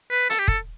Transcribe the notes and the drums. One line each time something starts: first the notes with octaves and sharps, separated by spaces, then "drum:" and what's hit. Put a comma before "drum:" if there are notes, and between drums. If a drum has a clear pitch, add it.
B4
A4, drum: hi-hat
G4
A4, drum: kick